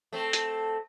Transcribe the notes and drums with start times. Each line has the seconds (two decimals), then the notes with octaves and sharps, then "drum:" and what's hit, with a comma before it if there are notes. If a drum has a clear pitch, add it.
0.13 A3 C4
0.33 drum: hi-hat